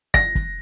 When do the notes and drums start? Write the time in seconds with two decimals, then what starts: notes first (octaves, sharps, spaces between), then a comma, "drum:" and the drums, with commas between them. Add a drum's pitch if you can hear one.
0.14 A#6, drum: kick
0.35 drum: kick